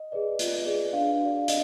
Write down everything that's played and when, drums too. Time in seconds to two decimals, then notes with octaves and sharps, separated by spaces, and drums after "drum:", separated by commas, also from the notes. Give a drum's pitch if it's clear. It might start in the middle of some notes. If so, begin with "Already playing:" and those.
Already playing: D#5
0.12 G#4 B4 D5
0.39 F4, drum: hi-hat
0.67 G#4 B4 D5
0.93 D4 F5
1.21 F#4 D5
1.39 F5
1.48 D4 D#5, drum: hi-hat